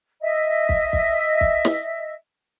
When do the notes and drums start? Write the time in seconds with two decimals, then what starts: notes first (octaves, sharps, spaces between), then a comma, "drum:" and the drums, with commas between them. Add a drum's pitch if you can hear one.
0.21 D#5 E5
0.69 drum: kick
0.93 drum: kick
1.41 drum: kick
1.65 drum: snare